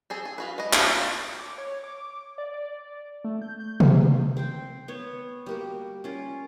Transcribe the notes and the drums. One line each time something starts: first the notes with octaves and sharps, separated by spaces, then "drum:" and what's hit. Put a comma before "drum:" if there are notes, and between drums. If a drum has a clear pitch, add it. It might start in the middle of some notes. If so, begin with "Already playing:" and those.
C4 G#4 A4
G#4
F4 F#4 B4
G#3 B4 D#5
F#4, drum: clap
F5
D6
C#5
D6
D5
D5
A3
G6
G6
C5, drum: tom C3
C4 C5 G5
B3 C#5
G3 A#3 F#4
C#4 F4 A#4